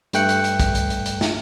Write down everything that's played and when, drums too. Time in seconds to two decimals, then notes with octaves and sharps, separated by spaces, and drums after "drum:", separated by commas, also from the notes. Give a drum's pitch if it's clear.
0.13 G2 A3 G5 F#6 C#7, drum: hi-hat
0.29 drum: hi-hat
0.44 drum: hi-hat
0.60 drum: kick, hi-hat
0.75 drum: hi-hat
0.90 drum: hi-hat
1.06 drum: hi-hat
1.21 drum: snare